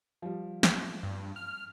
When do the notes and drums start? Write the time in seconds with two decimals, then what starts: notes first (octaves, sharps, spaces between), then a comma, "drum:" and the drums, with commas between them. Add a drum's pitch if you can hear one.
0.22 F3 G3
0.63 drum: snare
1.03 G2
1.36 F6